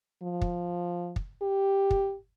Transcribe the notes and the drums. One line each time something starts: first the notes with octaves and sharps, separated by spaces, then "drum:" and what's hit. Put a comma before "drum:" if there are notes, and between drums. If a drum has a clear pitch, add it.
F3
drum: kick
drum: kick
G4
drum: kick